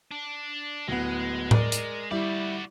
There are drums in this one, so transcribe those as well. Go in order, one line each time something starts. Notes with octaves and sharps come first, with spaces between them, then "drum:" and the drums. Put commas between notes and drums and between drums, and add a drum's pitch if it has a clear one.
D4
D1 G#3 B3
A#4 D5, drum: tom A2
drum: hi-hat
G3 E4 F#4 D5